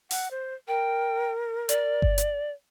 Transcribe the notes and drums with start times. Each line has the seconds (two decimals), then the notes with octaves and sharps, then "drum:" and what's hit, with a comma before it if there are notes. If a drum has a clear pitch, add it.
0.11 F#5, drum: open hi-hat
0.31 C5
0.68 A#4 G5
1.69 D5, drum: hi-hat
2.02 drum: kick G1
2.18 drum: hi-hat